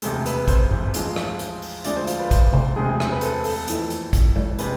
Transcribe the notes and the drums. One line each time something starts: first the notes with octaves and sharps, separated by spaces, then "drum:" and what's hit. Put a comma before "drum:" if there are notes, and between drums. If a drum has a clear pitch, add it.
E1 D2 C3 G#3 A4, drum: hi-hat
B4, drum: hi-hat
C5, drum: kick, hi-hat
drum: tom G2
A1 G#2 F3 G#3, drum: hi-hat
drum: rim click
drum: hi-hat
drum: open hi-hat
D2 D3 F3 G#3 D5, drum: hi-hat
C5
F4, drum: hi-hat
B4
C5, drum: kick, hi-hat
C5, drum: tom C3
E1 D2 C3 G#3 G#4
C5, drum: rim click
B4
A4, drum: hi-hat
A4, drum: open hi-hat
F2 E3 A3, drum: hi-hat
drum: hi-hat
drum: kick, hi-hat
drum: tom G#3
C3 G#3 B4, drum: hi-hat